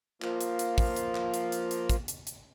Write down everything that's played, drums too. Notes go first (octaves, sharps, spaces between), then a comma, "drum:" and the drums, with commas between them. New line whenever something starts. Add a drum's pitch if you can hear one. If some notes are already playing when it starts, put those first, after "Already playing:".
F3 A#3 F4, drum: clap
drum: hi-hat
drum: hi-hat
drum: kick, open hi-hat
drum: hi-hat
drum: clap
drum: hi-hat
drum: hi-hat
drum: hi-hat
drum: kick, hi-hat
drum: hi-hat
drum: hi-hat